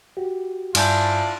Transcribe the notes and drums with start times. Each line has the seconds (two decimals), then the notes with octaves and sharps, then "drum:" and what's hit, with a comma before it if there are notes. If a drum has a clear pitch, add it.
0.17 F#4 G4
0.75 G2 D4 E4 F4 G#5 G6, drum: cymbal